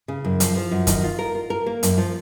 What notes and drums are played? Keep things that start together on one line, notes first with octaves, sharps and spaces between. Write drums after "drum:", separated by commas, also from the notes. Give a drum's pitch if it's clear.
C#3
F#2
F3, drum: hi-hat
F3
F#2
D#3, drum: kick, hi-hat
F4
A#4
F4
A#4
A#3
F#2, drum: hi-hat
F3